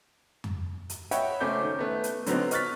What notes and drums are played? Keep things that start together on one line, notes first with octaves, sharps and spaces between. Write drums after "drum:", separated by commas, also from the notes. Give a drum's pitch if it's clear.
drum: tom F2
drum: hi-hat
C#5 D#5 E5 F#5 G5 B5, drum: hi-hat
F#1 A3 C#4 C5 D6 G6
D#3
A3 B3
drum: hi-hat
D3 F#3 B3 C4 D#4, drum: hi-hat
D#5 C#6 F6 F#6 A6 B6, drum: hi-hat